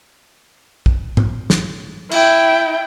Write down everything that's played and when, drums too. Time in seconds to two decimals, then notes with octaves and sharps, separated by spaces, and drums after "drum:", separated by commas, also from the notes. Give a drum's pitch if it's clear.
0.86 drum: kick
1.17 drum: tom
1.50 drum: snare
2.11 E4 G5, drum: cymbal